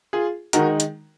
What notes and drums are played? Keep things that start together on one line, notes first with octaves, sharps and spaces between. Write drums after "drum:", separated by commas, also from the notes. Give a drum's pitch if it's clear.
F4 G#4
D#3 G#3 D#4 F#4 A#4, drum: hi-hat
drum: hi-hat